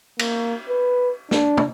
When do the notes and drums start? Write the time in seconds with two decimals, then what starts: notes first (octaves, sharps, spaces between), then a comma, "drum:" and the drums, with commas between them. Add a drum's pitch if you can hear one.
0.19 A#3, drum: cymbal
0.69 B4
1.31 D4, drum: snare
1.57 drum: tom